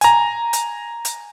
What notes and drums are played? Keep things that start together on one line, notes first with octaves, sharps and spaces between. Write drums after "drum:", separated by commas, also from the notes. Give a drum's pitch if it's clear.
G#5 A#5, drum: hi-hat
drum: hi-hat
drum: hi-hat